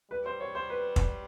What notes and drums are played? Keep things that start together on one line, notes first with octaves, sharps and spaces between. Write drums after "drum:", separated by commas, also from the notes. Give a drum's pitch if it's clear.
G3 B4
C5
C#5
C5
B4
drum: kick